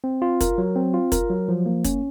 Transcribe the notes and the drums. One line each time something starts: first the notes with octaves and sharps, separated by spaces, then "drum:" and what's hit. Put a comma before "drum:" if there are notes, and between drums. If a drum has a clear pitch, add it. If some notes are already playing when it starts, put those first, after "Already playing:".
C4
F4
A#4, drum: kick, hi-hat
F#3
C4
F4
A#4, drum: kick, hi-hat
F#3
F3
A#3
C#4, drum: kick, hi-hat